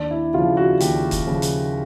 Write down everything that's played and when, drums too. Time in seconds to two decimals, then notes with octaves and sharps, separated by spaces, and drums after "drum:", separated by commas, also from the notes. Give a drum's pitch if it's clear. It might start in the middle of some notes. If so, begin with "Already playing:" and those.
Already playing: D#2 D4
0.11 E4
0.34 C#3 F3 F4
0.57 F#4
0.80 D#2 G4, drum: hi-hat
1.11 drum: kick, hi-hat
1.27 C#3 F3
1.42 drum: hi-hat